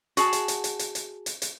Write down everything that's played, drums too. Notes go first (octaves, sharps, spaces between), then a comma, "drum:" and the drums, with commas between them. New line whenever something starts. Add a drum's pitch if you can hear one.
F#4 G#4 A5, drum: hi-hat
drum: hi-hat
drum: hi-hat
drum: hi-hat
drum: hi-hat
drum: hi-hat
drum: hi-hat
drum: hi-hat